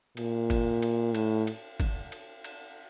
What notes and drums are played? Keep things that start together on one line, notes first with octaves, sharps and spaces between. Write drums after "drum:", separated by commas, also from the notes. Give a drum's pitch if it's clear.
A#2, drum: cymbal
drum: kick, cymbal
drum: cymbal
A2, drum: cymbal
drum: cymbal
drum: kick, cymbal
drum: cymbal
drum: cymbal